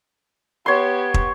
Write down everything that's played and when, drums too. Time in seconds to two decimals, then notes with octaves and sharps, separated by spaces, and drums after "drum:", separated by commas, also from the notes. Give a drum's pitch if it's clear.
0.66 B3 G4 C#5 C6
1.14 drum: kick